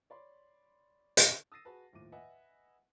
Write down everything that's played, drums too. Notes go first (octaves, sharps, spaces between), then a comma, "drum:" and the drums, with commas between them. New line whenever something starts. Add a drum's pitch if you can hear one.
C#5 D5 B5 C6
drum: hi-hat
D#6 E6 A6 A#6 C7 D#7
F#4 G#4 B4 A5
D#2 A2 F3 D6 D#7
B4 D#5 E5 F#5 G#5